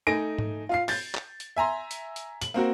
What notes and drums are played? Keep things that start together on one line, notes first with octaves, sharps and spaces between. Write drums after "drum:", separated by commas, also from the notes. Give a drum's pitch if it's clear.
A3 D#4 G#5 A#6 D7
drum: tom G#2
F4 F5 C7
G6 A6, drum: open hi-hat
drum: clap
drum: hi-hat
E5 G#5 A#5 C6
drum: hi-hat
drum: hi-hat
F#7, drum: hi-hat
A#3 C4 F#4 A#4